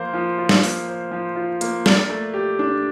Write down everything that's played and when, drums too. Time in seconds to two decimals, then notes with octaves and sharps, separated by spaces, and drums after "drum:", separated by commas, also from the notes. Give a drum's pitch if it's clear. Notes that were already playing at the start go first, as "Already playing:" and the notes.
Already playing: F3 A#3 F4 C5
0.14 F3
0.38 F4
0.49 drum: snare
0.63 A#3, drum: open hi-hat
0.88 C5
1.11 F3
1.36 F4
1.61 A#3, drum: hi-hat
1.86 D5, drum: snare
2.10 A3
2.34 G4
2.59 D4